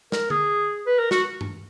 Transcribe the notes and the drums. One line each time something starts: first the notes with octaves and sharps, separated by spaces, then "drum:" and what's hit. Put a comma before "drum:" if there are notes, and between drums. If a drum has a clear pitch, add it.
A#4, drum: snare
G#4, drum: tom D3
B4
A#4
F#4, drum: snare
drum: tom G2